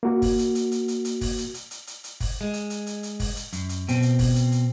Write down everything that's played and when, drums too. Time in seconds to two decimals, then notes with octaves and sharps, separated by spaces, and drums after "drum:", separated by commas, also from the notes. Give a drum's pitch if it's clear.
0.03 A#3 F#4
0.22 drum: kick, open hi-hat
0.39 drum: hi-hat
0.55 drum: hi-hat
0.72 drum: hi-hat
0.88 drum: hi-hat
1.05 drum: hi-hat
1.21 drum: kick, open hi-hat
1.38 drum: hi-hat
1.54 drum: hi-hat
1.71 drum: hi-hat
1.87 drum: hi-hat
2.04 drum: hi-hat
2.20 drum: kick, open hi-hat
2.41 G#3
2.53 drum: hi-hat
2.70 drum: hi-hat
2.87 drum: hi-hat
3.03 drum: hi-hat
3.20 drum: kick, open hi-hat
3.36 drum: hi-hat
3.53 F#2, drum: hi-hat
3.69 drum: hi-hat
3.88 B2 C4, drum: hi-hat
4.02 drum: hi-hat
4.19 drum: kick, open hi-hat
4.35 drum: hi-hat
4.52 drum: hi-hat